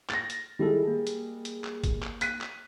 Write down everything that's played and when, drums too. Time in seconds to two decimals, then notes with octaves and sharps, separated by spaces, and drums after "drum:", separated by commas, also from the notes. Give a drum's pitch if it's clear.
0.10 A6 A#6, drum: clap
0.30 drum: hi-hat
0.59 D#3 G3 G#3 E4 A4
0.87 A#3
1.07 drum: hi-hat
1.45 drum: hi-hat
1.64 drum: clap
1.84 drum: kick G#1, hi-hat
2.03 drum: clap
2.21 F#6 B6 D#7, drum: hi-hat
2.41 drum: clap